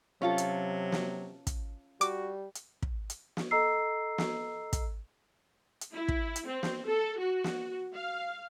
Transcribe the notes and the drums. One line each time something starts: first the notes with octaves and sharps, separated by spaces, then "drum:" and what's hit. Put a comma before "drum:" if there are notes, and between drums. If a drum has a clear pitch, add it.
C3 F#3 C#4 F4 A4
drum: hi-hat
drum: snare
drum: kick, hi-hat
G3 F#4 D6, drum: hi-hat
drum: hi-hat
drum: kick
drum: hi-hat
drum: snare
A4 D#5 A#5 E6 C7
drum: snare
drum: kick, hi-hat
drum: hi-hat
E4
drum: kick
drum: hi-hat
C4
drum: snare
A4
F#4
drum: snare
F5